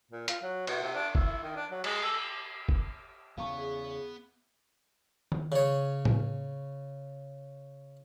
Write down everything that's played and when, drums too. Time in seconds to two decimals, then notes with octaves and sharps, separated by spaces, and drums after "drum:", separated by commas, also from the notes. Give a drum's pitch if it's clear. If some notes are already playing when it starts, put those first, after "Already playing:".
0.11 A#2
0.28 F4, drum: hi-hat
0.43 F#3
0.67 B2, drum: cymbal
0.82 C3
0.95 D4
1.15 E4, drum: kick
1.43 D#3
1.56 D4
1.71 F#3
1.84 G#3, drum: cymbal
2.03 A4
2.69 drum: kick
3.38 E2 C#3 B3 F5 C#6
3.58 G#4
5.32 drum: tom D#3
5.52 C#3 C#5
6.05 drum: tom A2